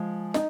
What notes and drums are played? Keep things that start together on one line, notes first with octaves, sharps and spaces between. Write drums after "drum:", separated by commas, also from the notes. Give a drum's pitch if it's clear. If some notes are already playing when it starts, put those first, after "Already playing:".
Already playing: F3 G#3
D#4, drum: snare